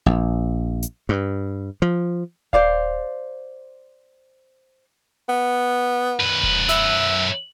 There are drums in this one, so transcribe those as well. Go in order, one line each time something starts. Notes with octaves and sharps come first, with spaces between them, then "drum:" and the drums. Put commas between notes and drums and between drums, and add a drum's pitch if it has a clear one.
A#1
drum: hi-hat
G2
F3
C5 D5 F5, drum: kick D#1
B3
F#2 B4
drum: kick D#1
E5, drum: snare